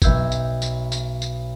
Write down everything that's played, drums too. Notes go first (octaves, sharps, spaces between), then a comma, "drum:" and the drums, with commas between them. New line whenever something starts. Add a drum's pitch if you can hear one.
B1 E5 E6 G6 G#6, drum: kick G1, tambourine
drum: tambourine
drum: tambourine
drum: tambourine
drum: tambourine